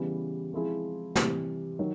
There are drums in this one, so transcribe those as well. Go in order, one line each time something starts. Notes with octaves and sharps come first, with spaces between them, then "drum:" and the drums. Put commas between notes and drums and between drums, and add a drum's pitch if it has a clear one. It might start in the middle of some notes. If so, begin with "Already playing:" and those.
Already playing: C#3 E3 G3 B3
F3 G#3 C4 E4 G#4
C3 E3 G3, drum: snare
D#3 F#3